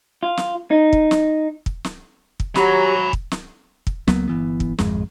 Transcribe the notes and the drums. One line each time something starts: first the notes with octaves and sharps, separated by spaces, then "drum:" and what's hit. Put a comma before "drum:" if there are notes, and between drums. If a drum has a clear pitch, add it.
F4
drum: snare
D#4
drum: kick
drum: snare
drum: kick
drum: snare
drum: kick
F#3 G4 C#5 G#5 A#5 B5, drum: snare
drum: kick
drum: snare
drum: kick
C#2 F#3 A#3 B3, drum: snare
G1 E3 B3
drum: kick
D1 G#1 F2 G#3, drum: snare